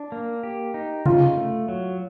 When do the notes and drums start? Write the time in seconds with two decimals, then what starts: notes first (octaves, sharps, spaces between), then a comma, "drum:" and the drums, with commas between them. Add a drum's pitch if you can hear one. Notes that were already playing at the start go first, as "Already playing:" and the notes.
Already playing: D4
0.12 A#3
0.43 G4
0.74 D#4
1.06 C#3 F4, drum: tom C3
1.37 A3
1.68 F#3